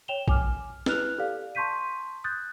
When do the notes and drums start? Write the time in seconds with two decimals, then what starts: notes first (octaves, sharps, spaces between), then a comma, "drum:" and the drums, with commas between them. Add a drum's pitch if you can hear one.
0.08 C#5 G5 E7 F7 G7
0.28 G#5 D6 F6, drum: kick A#1
0.86 E4 B4 F6 F#6 F7, drum: snare
1.18 G4 A4 D5 F5
1.55 A5 C6 C#6 G6 B6 D#7
2.24 D#6 F#6 G6 A6